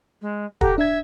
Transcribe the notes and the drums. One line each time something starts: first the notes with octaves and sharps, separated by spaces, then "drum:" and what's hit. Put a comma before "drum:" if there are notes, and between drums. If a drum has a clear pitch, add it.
G#3
G4 A4 F#5 A#5, drum: kick
D4 E5 G#6